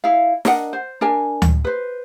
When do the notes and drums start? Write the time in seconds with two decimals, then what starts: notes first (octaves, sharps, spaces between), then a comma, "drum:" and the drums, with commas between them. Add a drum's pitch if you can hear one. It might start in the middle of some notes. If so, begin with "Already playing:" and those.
0.04 E4 F5
0.45 D4 A#4 D#5 F#5, drum: snare
0.73 C5
1.01 D4 A#4 G#5
1.42 drum: tom D2
1.65 B4 C5